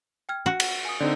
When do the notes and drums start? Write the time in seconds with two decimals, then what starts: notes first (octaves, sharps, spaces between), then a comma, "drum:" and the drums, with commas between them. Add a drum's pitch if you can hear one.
0.29 G5 F6 G#6
0.46 F#4
0.60 drum: cymbal
0.85 G#5 D#6
1.00 D3 C4 D#4 D5